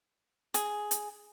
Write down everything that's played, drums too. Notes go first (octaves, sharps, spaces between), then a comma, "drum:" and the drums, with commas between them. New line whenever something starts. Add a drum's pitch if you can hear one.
G#4, drum: hi-hat
drum: hi-hat